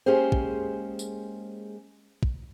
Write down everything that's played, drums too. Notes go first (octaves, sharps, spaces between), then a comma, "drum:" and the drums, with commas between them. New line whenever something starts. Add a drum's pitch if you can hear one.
G#3 A#3 C#4 G4 G#4 C5
drum: kick
drum: tambourine
drum: kick